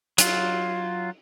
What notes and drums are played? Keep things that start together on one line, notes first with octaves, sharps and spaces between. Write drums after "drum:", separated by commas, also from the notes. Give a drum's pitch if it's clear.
F#3 F4, drum: hi-hat